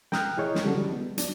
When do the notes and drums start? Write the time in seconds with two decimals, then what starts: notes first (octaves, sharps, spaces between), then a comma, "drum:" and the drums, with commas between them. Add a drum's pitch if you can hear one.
0.12 G5 A#5 D#6 F6 F#6, drum: snare
0.37 E4 G#4 C#5 D#5
0.55 drum: snare
0.65 D3 F#3 G3 C#4 F#4 A4
0.78 F#3 G3
0.93 B3
1.18 F#3 D4, drum: hi-hat